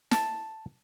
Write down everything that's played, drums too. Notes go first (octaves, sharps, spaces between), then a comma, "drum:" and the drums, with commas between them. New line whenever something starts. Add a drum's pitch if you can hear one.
A5, drum: snare